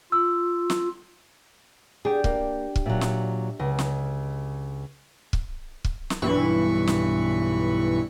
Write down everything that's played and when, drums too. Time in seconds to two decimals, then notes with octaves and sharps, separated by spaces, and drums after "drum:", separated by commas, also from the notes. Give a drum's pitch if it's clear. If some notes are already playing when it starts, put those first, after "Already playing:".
0.12 F4 E6
0.70 drum: snare
2.05 D4 G4 G#4
2.24 A#3, drum: kick
2.76 drum: kick
2.86 A#2 F#3 E5
3.01 drum: snare
3.59 C#2 D#5
3.79 drum: snare
5.33 drum: kick
5.84 drum: kick
6.10 drum: snare
6.22 B1 G2 E3 B5 C#6
6.87 drum: snare